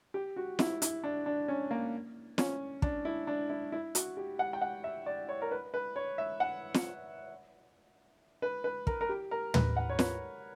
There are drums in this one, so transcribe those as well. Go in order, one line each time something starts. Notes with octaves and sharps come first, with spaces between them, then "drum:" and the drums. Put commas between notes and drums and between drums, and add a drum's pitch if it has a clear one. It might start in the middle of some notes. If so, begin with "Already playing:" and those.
G4
F#4
E4, drum: snare
E4, drum: hi-hat
D4
D4
C#4
A#3
C#4, drum: snare
D4, drum: kick
E4
D4
E4
E4
F#4, drum: hi-hat
G4
F#5
G5
F#5
E5
D5
C#5
A#4
B4
B4
C#5
E5
F#5
drum: snare
B4
B4
A#4, drum: kick
A#4
G4
A#4
B4, drum: tom
F#5
C#5
B4, drum: snare